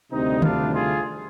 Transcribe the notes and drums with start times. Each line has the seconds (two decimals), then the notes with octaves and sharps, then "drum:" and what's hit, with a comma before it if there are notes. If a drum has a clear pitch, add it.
0.11 D2 C3 D#3 G3 C4 D#4
0.42 D4 F4, drum: tom D3
0.73 F4 G#4